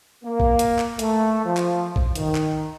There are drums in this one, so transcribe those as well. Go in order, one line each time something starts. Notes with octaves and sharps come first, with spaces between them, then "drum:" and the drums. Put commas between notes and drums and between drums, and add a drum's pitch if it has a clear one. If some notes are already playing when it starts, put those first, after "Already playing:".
A#3
drum: kick B1
drum: hi-hat
drum: clap
A3, drum: hi-hat
F3
drum: clap
drum: kick B1
D#3, drum: hi-hat
drum: clap